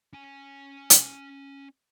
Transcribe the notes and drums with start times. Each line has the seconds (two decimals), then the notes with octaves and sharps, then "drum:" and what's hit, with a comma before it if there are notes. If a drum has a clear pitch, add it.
0.13 C#4 G#5
0.90 drum: hi-hat